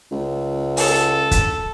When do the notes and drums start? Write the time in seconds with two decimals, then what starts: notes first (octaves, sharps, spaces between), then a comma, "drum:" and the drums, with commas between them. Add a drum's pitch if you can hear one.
0.11 C#2
0.77 A4, drum: open hi-hat
1.31 drum: kick, hi-hat